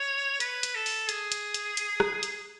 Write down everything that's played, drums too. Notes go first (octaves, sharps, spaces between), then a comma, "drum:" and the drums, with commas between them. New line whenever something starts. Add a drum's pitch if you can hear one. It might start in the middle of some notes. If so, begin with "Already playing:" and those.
Already playing: C#5
B4, drum: hi-hat
drum: hi-hat
A4
drum: open hi-hat
G#4, drum: hi-hat
drum: hi-hat
drum: hi-hat
drum: hi-hat
drum: rim click
drum: hi-hat